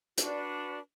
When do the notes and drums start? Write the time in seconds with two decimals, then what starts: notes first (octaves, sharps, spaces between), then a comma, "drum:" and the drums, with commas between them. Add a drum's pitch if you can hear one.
0.18 D4 F#4 B4 D5, drum: hi-hat